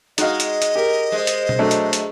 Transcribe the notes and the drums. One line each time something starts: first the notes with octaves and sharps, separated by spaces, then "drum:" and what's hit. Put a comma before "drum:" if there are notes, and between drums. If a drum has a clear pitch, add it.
G#3 D#4 F#4 D#5 F5, drum: hi-hat
drum: hi-hat
drum: hi-hat
G4 A#4
G#3 C5
drum: hi-hat
drum: tom B2
F#3 A3 D4
drum: hi-hat
drum: hi-hat